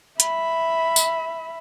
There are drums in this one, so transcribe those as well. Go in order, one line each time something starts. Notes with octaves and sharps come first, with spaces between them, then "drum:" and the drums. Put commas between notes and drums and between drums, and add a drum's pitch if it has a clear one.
E5 B5, drum: hi-hat
drum: tambourine